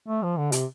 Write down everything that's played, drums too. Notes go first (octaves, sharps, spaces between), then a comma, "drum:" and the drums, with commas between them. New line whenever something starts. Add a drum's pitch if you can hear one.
A3
F3
D3
C3, drum: hi-hat